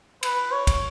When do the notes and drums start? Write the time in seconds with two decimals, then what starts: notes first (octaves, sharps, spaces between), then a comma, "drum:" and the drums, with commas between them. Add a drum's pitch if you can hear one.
0.23 B4, drum: cymbal
0.53 C#5
0.67 drum: kick, cymbal